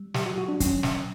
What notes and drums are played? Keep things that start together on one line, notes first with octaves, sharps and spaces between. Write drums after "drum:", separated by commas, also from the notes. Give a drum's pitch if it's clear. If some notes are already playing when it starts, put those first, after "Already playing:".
Already playing: G3
F#3 G4, drum: snare
F#4
F#3 F#4
D4
F#3 C#4, drum: kick, hi-hat
F#3, drum: snare